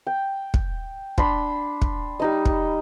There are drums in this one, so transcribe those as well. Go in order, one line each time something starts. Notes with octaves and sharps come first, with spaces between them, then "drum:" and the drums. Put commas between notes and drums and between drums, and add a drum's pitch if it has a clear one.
G5
drum: kick
D4 B5 C6, drum: kick
drum: kick
G3 D#4 D#5
drum: kick